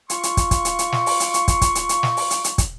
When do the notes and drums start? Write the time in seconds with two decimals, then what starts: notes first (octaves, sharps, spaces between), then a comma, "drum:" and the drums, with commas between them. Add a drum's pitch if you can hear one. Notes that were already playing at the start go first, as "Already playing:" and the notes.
0.10 F4 C6 C#6, drum: hi-hat
0.23 drum: hi-hat
0.37 drum: kick, hi-hat
0.51 drum: kick, hi-hat
0.65 drum: hi-hat
0.79 drum: hi-hat
0.92 drum: snare
1.06 drum: open hi-hat
1.20 drum: hi-hat
1.34 drum: hi-hat
1.48 drum: kick, hi-hat
1.61 drum: kick, hi-hat
1.75 drum: hi-hat
1.89 drum: hi-hat
2.03 drum: snare
2.17 drum: open hi-hat
2.31 drum: hi-hat
2.44 drum: hi-hat
2.58 drum: kick, hi-hat